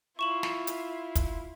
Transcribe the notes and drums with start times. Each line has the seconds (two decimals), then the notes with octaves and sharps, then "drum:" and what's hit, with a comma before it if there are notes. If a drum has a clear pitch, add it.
0.19 E4 F4 C#6 E7 F#7
0.43 drum: snare
0.67 drum: hi-hat
1.15 drum: kick, hi-hat